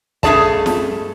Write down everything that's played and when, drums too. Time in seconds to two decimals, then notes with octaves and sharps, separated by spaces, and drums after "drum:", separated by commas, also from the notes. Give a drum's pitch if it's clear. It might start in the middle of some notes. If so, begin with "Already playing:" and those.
0.23 G2 A3 C#4 G#4 D5 A5, drum: kick
0.66 drum: snare